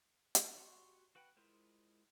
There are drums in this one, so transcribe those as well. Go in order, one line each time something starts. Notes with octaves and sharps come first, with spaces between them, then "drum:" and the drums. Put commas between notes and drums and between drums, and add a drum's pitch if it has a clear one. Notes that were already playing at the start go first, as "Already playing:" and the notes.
drum: hi-hat
F#4 G4 F#5 C6 C#6
F#4 B4 F#5 G5 B5
G#3 E4 F4 A#4 C5